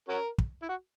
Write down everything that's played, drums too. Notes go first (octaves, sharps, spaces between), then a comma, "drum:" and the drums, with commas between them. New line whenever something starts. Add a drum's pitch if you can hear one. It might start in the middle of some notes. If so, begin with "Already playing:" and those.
C#4 F#4 A#4
drum: kick
E4
F#4